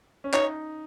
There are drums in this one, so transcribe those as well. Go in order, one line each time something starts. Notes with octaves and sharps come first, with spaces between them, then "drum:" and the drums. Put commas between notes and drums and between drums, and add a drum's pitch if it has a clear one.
C#4
D#4 C#5, drum: clap